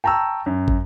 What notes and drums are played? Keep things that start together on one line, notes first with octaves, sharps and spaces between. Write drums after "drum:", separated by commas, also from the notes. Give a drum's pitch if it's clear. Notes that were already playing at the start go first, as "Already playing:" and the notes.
G5 A5 A#5 C#6 E6
F#2
drum: kick